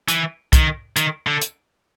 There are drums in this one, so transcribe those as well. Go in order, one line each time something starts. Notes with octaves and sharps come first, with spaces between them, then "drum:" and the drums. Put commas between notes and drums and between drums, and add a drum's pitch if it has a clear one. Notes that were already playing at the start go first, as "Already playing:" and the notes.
E3, drum: hi-hat
D#3, drum: kick, hi-hat
D#3, drum: hi-hat
D3
drum: hi-hat